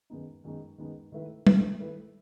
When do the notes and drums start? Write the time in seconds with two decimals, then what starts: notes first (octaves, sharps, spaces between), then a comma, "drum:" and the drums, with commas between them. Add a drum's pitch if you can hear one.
0.10 F#2 D#3 G#3 B3 D#4
0.44 F#2 D#3 G#3 B3 D#4
0.78 F#2 D#3 G#3 B3 D#4
1.12 D#3 A3 E4 B4 E5
1.47 D#3 A3 E4 B4 E5, drum: tom
1.80 D#3 A3 E4 B4 E5